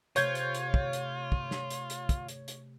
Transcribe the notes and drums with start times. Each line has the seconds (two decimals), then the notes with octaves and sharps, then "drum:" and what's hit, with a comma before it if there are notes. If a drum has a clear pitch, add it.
0.16 C3 A3 F4 C5 C#5 G6 G#6, drum: hi-hat
0.35 drum: hi-hat
0.55 drum: hi-hat
0.74 drum: kick
0.93 drum: hi-hat
1.32 drum: kick
1.51 drum: snare
1.71 drum: hi-hat
1.90 drum: hi-hat
2.09 drum: kick, hi-hat
2.28 drum: hi-hat
2.48 drum: hi-hat